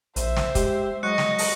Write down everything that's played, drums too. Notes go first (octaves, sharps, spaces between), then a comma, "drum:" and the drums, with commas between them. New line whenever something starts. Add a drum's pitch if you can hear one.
A#1 C5 E5, drum: hi-hat
drum: snare
G#3 G4, drum: kick, hi-hat
F#3 G#3 D#5 C#6 F#6 C#7
drum: snare
drum: open hi-hat